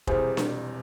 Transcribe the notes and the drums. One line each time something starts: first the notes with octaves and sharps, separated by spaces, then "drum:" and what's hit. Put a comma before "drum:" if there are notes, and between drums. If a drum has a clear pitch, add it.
E1 E2 C3 G3 G#4 C5, drum: kick F1
drum: snare D4